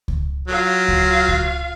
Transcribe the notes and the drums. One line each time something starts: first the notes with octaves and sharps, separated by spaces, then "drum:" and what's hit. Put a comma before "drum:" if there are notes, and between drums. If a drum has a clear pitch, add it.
drum: kick C#2
F#3 F4 F5
drum: kick C#2
drum: kick C#2